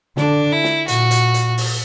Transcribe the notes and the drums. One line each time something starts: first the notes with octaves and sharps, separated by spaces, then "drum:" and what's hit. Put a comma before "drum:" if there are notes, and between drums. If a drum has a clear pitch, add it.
D3 D4, drum: snare
E4
drum: snare
A#2 F#4, drum: hi-hat
drum: hi-hat
drum: hi-hat
drum: open hi-hat